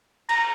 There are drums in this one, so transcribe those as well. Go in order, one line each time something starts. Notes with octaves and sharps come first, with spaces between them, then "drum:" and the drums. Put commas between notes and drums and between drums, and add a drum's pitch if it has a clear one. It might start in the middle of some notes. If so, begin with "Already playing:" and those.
A#5, drum: cymbal